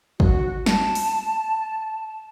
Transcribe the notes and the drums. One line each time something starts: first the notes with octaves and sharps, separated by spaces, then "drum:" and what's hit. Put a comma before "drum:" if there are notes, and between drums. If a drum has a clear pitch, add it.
F#4, drum: kick G#1
A5, drum: snare
drum: open hi-hat